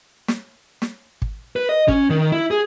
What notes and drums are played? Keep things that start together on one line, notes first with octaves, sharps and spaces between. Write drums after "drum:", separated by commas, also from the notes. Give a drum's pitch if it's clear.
drum: snare
drum: snare
drum: kick
B4
D#5
C#4, drum: kick
D#3
E4
G#4